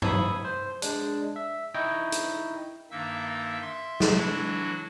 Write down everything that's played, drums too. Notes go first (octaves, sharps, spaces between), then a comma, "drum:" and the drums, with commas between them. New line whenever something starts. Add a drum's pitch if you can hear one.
B5 D#6 E6 G#6, drum: tom G2
C5
G#3 D4, drum: hi-hat
E5
D#4 E4 D#5 G5 C#6
drum: hi-hat
G2 D#3 A#3 D#4 E5 E6
E5 C6
drum: snare
E3 F#3 D4 E4 F#4